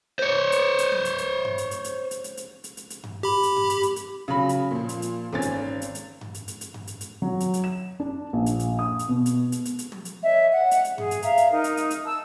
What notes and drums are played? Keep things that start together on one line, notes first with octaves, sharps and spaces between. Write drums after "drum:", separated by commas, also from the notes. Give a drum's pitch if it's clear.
C5 C#5
drum: hi-hat
drum: hi-hat
drum: tom
drum: hi-hat
drum: hi-hat
drum: tom G2
drum: hi-hat
drum: hi-hat
drum: hi-hat
drum: hi-hat
drum: hi-hat
drum: hi-hat
drum: hi-hat
drum: hi-hat
drum: hi-hat
drum: tom G2
G4 B5
drum: hi-hat
drum: tom G2
drum: hi-hat
drum: hi-hat
drum: hi-hat
C#3 F#3 B5
drum: hi-hat
A#2 F3
drum: hi-hat
drum: hi-hat
G#1 C4 C#4 A6
drum: hi-hat
drum: hi-hat
drum: hi-hat
drum: tom G2
drum: hi-hat
drum: hi-hat
drum: hi-hat
drum: tom G2
drum: hi-hat
drum: hi-hat
F#3
drum: hi-hat
drum: hi-hat
E7
D4
A#1
drum: hi-hat
drum: hi-hat
D#6
drum: hi-hat
B2
drum: hi-hat
drum: hi-hat
drum: hi-hat
drum: hi-hat
drum: tom
drum: hi-hat
C#5 D#5 E5
F#5
drum: hi-hat
drum: hi-hat
G#4, drum: tom G2
drum: hi-hat
E5 F5 A#5, drum: hi-hat
drum: hi-hat
D#4 A#4
drum: hi-hat
drum: hi-hat
drum: hi-hat
A5 E6